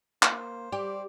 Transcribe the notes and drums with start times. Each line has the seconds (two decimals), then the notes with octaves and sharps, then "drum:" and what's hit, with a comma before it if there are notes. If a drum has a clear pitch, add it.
0.23 A#3 C5, drum: clap
0.72 G3 G4 D5